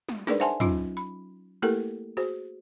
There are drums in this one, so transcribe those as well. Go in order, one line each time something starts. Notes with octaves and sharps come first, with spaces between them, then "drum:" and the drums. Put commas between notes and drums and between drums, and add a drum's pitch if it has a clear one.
drum: snare
D4 D#4 G#4 A#4 B4 D5, drum: snare
C5 E5 F#5 G#5 A5 C6
F#3 C#4 D#4 F4, drum: tom
B5
A3 A#3 E4 G4 A4 A#4
F#4 G#4 C5